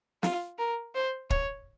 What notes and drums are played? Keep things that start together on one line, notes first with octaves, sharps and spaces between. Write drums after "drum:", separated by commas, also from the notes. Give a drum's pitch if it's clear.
F4, drum: snare
A#4
C5
C#5, drum: kick